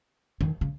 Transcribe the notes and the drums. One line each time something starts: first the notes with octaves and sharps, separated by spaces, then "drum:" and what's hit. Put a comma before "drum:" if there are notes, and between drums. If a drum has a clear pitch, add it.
D#3, drum: tom
C#3